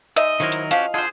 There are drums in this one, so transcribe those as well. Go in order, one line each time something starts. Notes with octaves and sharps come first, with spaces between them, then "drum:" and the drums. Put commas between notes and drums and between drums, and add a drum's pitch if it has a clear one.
G#3 D#4 D#5 E5, drum: hi-hat
D#3 F#3 E4 A#4 C5
drum: hi-hat
F3 C#4 F#4 G4 F5, drum: hi-hat
D3 F4 G#4 C5